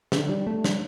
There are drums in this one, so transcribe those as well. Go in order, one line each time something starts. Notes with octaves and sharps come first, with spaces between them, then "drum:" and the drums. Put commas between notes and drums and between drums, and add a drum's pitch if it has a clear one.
D3, drum: snare
G3
A3
G3, drum: snare